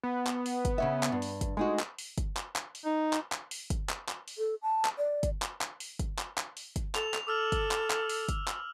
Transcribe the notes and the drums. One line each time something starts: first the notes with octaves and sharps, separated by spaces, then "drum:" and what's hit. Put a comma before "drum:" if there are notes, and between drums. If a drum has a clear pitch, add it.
B3
drum: clap
drum: open hi-hat
drum: kick, hi-hat
C#3 C#4 E5
drum: clap
G2
drum: open hi-hat
drum: kick, hi-hat
G#3 A3 D#4 F#4
drum: clap
drum: open hi-hat
drum: kick, hi-hat
drum: clap
drum: clap
drum: open hi-hat
D#4
drum: clap
drum: clap
drum: open hi-hat
drum: kick, hi-hat
drum: clap
drum: clap
drum: open hi-hat
A4
A5
drum: clap
D5
drum: kick, hi-hat
drum: clap
drum: clap
drum: open hi-hat
drum: kick, hi-hat
drum: clap
drum: clap
drum: open hi-hat
drum: kick, hi-hat
A4 F7, drum: clap
drum: clap
A4 D6 E6 F6
drum: kick, hi-hat
drum: clap
drum: clap
drum: open hi-hat
drum: kick, hi-hat
drum: clap